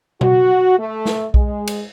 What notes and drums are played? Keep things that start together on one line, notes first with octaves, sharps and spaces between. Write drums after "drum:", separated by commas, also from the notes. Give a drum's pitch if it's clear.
F#4, drum: tom B2
A3
drum: snare
G#3, drum: kick B1
drum: cymbal